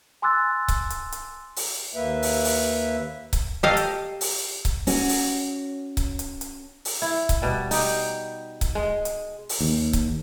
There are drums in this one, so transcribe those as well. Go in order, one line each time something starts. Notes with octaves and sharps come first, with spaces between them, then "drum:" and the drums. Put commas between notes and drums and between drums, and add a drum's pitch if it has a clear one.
G#5 C6 D6 E6 F#6 A6
drum: kick C#1, hi-hat
drum: hi-hat
drum: hi-hat
drum: open hi-hat
D#2 A#3 B4 E5
drum: open hi-hat
drum: open hi-hat
drum: kick C#1, hi-hat
G4 A4 D#5 F5
drum: hi-hat
drum: open hi-hat
drum: kick C#1, hi-hat
C#4 F#4, drum: open hi-hat
drum: open hi-hat
drum: kick C#1, hi-hat
drum: hi-hat
drum: hi-hat
drum: open hi-hat
E4
drum: kick C#1, hi-hat
B2 G3
D#4 G4, drum: open hi-hat
drum: kick C#1, hi-hat
G#3
drum: hi-hat
drum: open hi-hat
D#2
drum: kick C#1, hi-hat